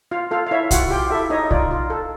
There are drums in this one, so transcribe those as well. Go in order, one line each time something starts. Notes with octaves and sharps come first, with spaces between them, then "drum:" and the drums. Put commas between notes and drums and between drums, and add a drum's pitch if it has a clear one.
F4 F5
F4 A4 F5
F5
E4 C#5 E5
F4 F#4 F#5, drum: kick B1, hi-hat
F4 G4 G5
E4 A4 E5
D#4 C#5 D#5
F4 D5, drum: kick B1
F4
A4